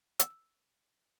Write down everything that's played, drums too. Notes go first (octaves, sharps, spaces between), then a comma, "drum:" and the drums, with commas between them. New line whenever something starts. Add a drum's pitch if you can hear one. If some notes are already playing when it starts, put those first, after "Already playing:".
E6, drum: hi-hat